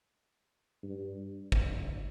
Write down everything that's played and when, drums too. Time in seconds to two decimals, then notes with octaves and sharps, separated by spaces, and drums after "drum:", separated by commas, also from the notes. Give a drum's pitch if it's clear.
0.83 G2
1.52 drum: kick